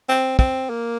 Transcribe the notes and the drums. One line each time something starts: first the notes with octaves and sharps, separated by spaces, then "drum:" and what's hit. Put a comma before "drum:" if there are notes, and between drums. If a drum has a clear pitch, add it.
C4
C4, drum: kick
A#3